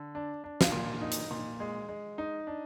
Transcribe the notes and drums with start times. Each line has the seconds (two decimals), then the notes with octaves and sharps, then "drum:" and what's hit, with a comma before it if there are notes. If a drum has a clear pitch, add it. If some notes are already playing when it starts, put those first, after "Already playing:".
Already playing: D3
0.15 D4
0.44 D4
0.61 drum: snare
0.72 A#2
1.01 D#4
1.12 drum: hi-hat
1.31 A#2
1.60 G#3
1.89 G#3
2.18 D#4
2.47 D4